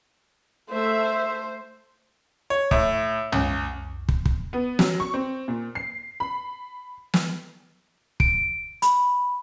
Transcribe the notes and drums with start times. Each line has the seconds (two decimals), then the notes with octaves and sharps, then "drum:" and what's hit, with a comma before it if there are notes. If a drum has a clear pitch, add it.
0.71 A3 C5 E5
2.50 C#5
2.71 A2, drum: kick
3.32 C#2, drum: tom
4.09 drum: kick
4.26 drum: kick
4.53 B3
4.79 F#3, drum: snare
5.00 C#6
5.14 C4
5.48 A#2
5.75 C7
6.20 B5
7.14 drum: snare
8.20 D7, drum: kick
8.82 B5, drum: hi-hat